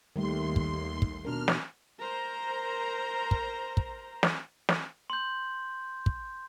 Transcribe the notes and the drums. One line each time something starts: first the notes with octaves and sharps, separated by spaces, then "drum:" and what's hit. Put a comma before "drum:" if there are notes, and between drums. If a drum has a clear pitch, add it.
D#2 D#3 G3 A3 C6
drum: kick
drum: kick
B2 D4 A#4 F6
drum: snare
A#4 C5 A#5
drum: kick
drum: kick
drum: snare
drum: snare
C6 G6
drum: kick